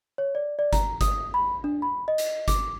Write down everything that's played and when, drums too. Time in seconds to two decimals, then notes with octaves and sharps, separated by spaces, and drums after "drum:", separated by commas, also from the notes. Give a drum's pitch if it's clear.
0.18 C#5
0.35 D5
0.59 D5
0.73 A#5, drum: kick G1, hi-hat
1.01 D#6, drum: kick G1, hi-hat
1.34 B5
1.64 D4
1.82 B5
2.08 D#5
2.18 drum: hi-hat
2.48 D6, drum: kick G1, hi-hat